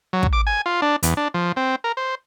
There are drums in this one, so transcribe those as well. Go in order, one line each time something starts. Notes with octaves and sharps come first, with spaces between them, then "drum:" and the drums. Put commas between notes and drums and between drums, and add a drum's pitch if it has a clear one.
F#3
drum: kick
D6
G#5
F4
D4
E2, drum: hi-hat
D4
F3
C4
A#4
C5